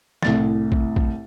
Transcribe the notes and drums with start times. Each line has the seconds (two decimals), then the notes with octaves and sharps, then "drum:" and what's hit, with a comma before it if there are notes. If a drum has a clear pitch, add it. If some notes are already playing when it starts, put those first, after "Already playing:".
0.22 C2 A2 A6, drum: snare
0.72 drum: kick
0.96 drum: kick